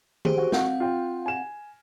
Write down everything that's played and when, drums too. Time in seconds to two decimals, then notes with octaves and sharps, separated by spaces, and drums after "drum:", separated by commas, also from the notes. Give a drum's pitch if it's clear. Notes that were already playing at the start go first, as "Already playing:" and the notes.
0.25 G4 G#4 C5, drum: tom D#3
0.38 F#4
0.52 C4 F5 F#5, drum: snare
0.80 F4 G5
1.26 G#5 E7